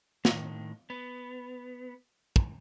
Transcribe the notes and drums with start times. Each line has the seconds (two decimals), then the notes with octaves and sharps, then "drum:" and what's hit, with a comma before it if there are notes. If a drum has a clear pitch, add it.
0.25 A2 D#3, drum: snare
0.90 B3
2.36 drum: kick